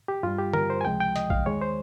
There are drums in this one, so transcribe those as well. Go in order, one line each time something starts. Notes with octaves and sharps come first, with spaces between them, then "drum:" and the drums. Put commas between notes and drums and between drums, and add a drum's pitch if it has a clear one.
G4
G2 G3 F4
G4
A#4, drum: tom D3
C5
G#5
C#2 C3 F3 G#3 G5
G5
D#5, drum: hi-hat
F5, drum: kick
D#2 D#3 G#3 C#5
C5